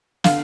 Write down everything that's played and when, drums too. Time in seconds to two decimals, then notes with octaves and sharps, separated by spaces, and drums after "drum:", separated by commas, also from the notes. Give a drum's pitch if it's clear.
0.24 D3 F5, drum: snare